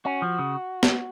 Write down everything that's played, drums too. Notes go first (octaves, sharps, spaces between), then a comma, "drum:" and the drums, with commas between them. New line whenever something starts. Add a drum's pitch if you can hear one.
C#4 F#4
F3
C#3
drum: snare